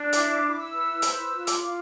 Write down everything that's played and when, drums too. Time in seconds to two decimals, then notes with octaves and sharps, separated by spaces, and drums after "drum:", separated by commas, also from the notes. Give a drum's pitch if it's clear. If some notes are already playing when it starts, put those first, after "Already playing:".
Already playing: D4
0.13 E4 D6, drum: hi-hat
0.43 E4
0.58 E6
0.72 B4
1.02 C5 E6, drum: hi-hat
1.33 F4
1.47 D6, drum: hi-hat
1.62 F4